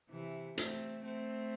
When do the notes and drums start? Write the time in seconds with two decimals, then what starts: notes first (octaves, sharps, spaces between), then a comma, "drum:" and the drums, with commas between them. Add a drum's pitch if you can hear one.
0.10 C3 E3
0.58 A3 C4, drum: hi-hat
1.04 A3 C4